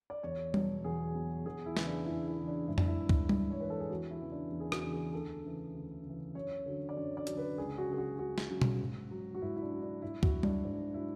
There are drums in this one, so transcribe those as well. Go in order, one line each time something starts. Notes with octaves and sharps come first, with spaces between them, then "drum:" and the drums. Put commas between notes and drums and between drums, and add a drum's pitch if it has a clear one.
D5
E2 C#5
B2 F#3, drum: tom G3
E2 G#4
B2 F#3
E2 G#4
E4
C#3 E3, drum: snare
D4
E2 E4
E4
C#3 E3
D4
G#2 E4
D4, drum: tom F2
E4
E3
drum: kick
G#2, drum: tom G3
C#5
E3 B4
A4
G#4
E2 F#4
E4
C#3 E3
D4
E2
G#4
F#4, drum: rim click
C#3 E3
G#4
D2 A4
C#3 E3
D2
C#3 E3
F#2 C#5
D3 F#3
D5
F#2 C#5
D5
D3 F#3, drum: hi-hat
B4
C#2 G#4
F#4
C#3 F#3 G#4
F#4
C#2 F#4
drum: snare
C#3 F#3
drum: tom B2
G#2
F#3
F#4
G#2 E4
E4
D4
F#3
D4
G#2 E4
F#4, drum: kick
F#3
D4, drum: tom G3
G#2 D4
F#3 E4